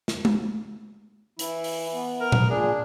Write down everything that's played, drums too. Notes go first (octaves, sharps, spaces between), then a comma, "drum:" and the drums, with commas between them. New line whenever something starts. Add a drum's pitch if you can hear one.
drum: snare
drum: tom G#3
E3 E4, drum: hi-hat
drum: open hi-hat
B3
A#4
drum: tom A#2
A#2 D4 G#4